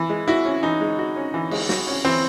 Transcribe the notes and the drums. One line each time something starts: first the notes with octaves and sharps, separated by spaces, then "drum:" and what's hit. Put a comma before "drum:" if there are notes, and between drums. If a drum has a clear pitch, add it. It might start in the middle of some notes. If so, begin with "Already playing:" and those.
Already playing: E3
G#3
E4 F#4
C#4
E3 D#4
G#3
F#4
C#4
E3
G#3, drum: cymbal
F#4, drum: snare
C#4
E3 C4